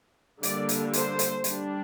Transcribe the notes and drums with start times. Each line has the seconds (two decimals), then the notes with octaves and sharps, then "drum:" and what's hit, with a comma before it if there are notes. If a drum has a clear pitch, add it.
0.43 D3 G3 A#3 D5, drum: hi-hat
0.69 drum: hi-hat
0.93 C5, drum: hi-hat
1.19 drum: hi-hat
1.44 G3 D4, drum: hi-hat